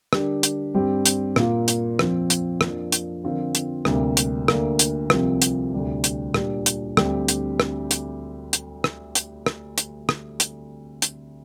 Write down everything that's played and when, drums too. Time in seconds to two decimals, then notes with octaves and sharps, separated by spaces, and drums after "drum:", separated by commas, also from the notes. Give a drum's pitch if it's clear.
0.13 D3 G3 D4 G4 A#4, drum: rim click
0.43 drum: hi-hat
0.74 G2 G3 C4 G4
1.06 drum: hi-hat
1.36 A#2 A#3 F4, drum: rim click
1.68 drum: hi-hat
1.99 F2 F3 C4, drum: rim click
2.30 drum: hi-hat
2.61 F2 F3 A#3 D4, drum: rim click
2.92 drum: hi-hat
3.23 D3 F3 C4 F4 A#4
3.55 drum: hi-hat
3.85 D2 C3 G3 A#3, drum: rim click
4.17 drum: hi-hat
4.48 D2 D3 A#3, drum: rim click
4.79 drum: hi-hat
5.10 C2 C3 F3 C4 A#4, drum: rim click
5.42 drum: hi-hat
5.73 D2 C3 G3 D4
6.04 drum: hi-hat
6.34 A#2 G3 D4 G4, drum: rim click
6.66 drum: hi-hat
6.97 D2 D3 G3 C4 G4, drum: rim click
7.28 drum: hi-hat
7.60 drum: rim click
7.91 drum: hi-hat
8.53 drum: hi-hat
8.84 drum: rim click
9.15 drum: hi-hat
9.46 drum: rim click
9.78 drum: hi-hat
10.09 drum: rim click
10.40 drum: hi-hat
11.02 drum: hi-hat